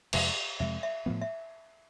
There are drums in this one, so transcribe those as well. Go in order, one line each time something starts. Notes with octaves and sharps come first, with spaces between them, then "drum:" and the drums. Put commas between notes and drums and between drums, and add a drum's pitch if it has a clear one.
F2 C3 G#3 E5, drum: cymbal
F2 C3 G#3 E5
E5
A2 F3 B3
E5